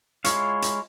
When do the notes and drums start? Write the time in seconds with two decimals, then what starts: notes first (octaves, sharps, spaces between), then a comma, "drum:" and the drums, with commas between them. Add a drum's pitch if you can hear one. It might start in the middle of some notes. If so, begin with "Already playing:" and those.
0.24 G#3 E4 F4 C#5 F5, drum: hi-hat
0.62 drum: hi-hat